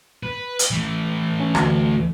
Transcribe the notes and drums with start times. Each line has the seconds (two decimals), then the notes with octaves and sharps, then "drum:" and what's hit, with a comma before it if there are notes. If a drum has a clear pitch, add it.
0.23 B4
0.59 drum: hi-hat
0.71 E3 A3
1.40 C#4
1.55 D2, drum: rim click